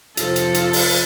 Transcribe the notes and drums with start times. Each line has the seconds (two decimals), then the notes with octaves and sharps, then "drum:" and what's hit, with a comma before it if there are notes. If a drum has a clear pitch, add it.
0.17 F2 C3 F3 A4, drum: hi-hat
0.36 drum: hi-hat
0.54 drum: hi-hat
0.73 drum: open hi-hat